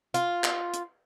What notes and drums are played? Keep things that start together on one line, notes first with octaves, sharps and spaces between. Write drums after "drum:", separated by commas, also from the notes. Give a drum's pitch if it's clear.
F4, drum: hi-hat
drum: clap
drum: hi-hat